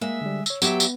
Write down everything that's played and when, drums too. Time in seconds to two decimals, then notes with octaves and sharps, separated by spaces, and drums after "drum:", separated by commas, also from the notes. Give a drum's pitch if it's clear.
0.01 G#3 A#3 E5
0.21 D3 G3
0.46 C#5 E6, drum: tambourine
0.62 F#3 B3 G4 B4 E5, drum: tambourine
0.80 drum: tambourine